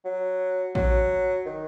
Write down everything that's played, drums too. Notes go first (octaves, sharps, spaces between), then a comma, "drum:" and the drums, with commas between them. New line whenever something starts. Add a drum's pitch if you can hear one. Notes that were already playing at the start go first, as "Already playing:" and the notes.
F#3
F#3, drum: kick
D#3